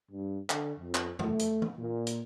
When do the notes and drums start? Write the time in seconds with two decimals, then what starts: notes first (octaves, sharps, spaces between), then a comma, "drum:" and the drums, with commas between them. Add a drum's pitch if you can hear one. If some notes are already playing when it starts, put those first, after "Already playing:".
0.12 G2
0.50 D3, drum: clap
0.79 F2
0.95 drum: clap
1.19 A3, drum: tom E2
1.39 drum: hi-hat
1.62 drum: tom E3
1.78 A#2
2.07 drum: hi-hat